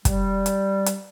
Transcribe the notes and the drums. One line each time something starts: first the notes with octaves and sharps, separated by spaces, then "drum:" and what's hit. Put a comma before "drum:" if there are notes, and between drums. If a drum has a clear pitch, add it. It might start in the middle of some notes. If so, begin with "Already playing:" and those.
G3, drum: kick, hi-hat
drum: hi-hat
drum: hi-hat